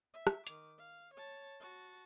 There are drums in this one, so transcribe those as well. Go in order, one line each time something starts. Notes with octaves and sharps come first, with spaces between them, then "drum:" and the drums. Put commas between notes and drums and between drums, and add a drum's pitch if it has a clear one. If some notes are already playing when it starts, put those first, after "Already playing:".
E5
drum: rim click
D#3 D6, drum: hi-hat
F5
C#5 A5
F#4 A5